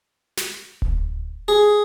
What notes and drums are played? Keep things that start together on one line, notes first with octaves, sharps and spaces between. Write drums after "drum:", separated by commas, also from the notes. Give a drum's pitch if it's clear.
drum: snare
drum: kick D1
G#4